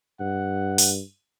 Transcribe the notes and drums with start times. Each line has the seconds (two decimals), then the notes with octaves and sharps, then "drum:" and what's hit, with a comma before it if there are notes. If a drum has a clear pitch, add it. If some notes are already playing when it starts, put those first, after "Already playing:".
0.20 G2 F#5
0.78 drum: open hi-hat